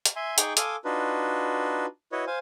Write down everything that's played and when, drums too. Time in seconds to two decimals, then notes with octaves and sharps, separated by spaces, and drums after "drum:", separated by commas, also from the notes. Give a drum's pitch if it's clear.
0.06 drum: hi-hat
0.16 E5 G#5 C6
0.38 D#4 G#4 G5 C#6 D6, drum: hi-hat
0.57 A4 F5 G#5 C6 D6 D#6, drum: hi-hat
0.85 D4 D#4 F4 F#4 B4
2.12 E4 F#4 B4 C#5 D#5
2.27 C5 F5 G#5